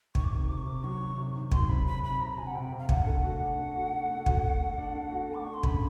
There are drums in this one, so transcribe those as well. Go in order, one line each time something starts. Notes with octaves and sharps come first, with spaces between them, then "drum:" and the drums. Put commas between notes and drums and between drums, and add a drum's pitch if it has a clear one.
D#3 C#6, drum: kick
D6
C3 C#6
C3 D6
C#6
C3 D6
F#3 C#6
D#3
C3
D#3
F#3 C6, drum: kick
C3 B5
C3 B5
C3 B5
C3 A#5
C3 G#5
F#5
C3 G5
C3
F5
D4 F#5, drum: kick
A3
F#4
D4
A3
F#4
A3
A3
F#4, drum: kick
A3
A3
D4
A3
F#4
A3 D6
D4 C#6
C6
C#3 B5, drum: kick